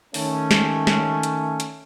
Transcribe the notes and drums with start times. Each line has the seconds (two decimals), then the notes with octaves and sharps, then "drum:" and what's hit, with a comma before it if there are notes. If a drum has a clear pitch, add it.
0.14 D#3 A3 C#4, drum: open hi-hat
0.51 drum: snare
0.87 drum: snare
1.23 drum: hi-hat
1.60 drum: hi-hat